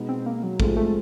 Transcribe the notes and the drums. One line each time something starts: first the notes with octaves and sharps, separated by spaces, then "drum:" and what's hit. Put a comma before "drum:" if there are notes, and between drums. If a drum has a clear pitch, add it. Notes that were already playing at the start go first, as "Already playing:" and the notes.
Already playing: B2 G#3 B3 D#4
C4
A#3
F#3
G#2 F3 G#3 A3 C4 F4, drum: kick A1
A3